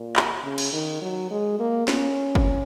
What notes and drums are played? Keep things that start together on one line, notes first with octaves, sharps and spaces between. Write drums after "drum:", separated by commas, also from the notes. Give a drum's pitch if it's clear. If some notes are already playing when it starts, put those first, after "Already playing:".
Already playing: A#2
drum: clap
C#3
drum: cymbal
D#3
F#3
G#3
A#3
C#4, drum: snare
drum: kick F#1